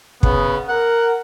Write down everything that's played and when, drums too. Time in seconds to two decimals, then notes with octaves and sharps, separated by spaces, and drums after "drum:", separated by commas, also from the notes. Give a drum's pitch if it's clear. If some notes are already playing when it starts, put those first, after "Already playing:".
0.23 C#3 B3, drum: kick
0.69 A#4 F#5